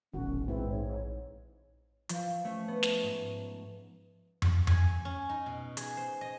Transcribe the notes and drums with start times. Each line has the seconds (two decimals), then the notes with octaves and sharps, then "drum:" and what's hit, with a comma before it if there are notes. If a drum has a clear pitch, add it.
0.14 E1 A#1 D#3 C#4 F#4
0.48 G#2 C4 E4 B4
0.70 C#5
2.09 F3, drum: hi-hat
2.45 A3 C#4
2.68 B3
2.83 drum: snare
3.03 G#2
4.42 drum: tom F2
4.67 G#5, drum: tom F2
5.05 C#4
5.29 D#4
5.46 B2
5.77 G#4, drum: hi-hat
5.97 C5
6.21 D#5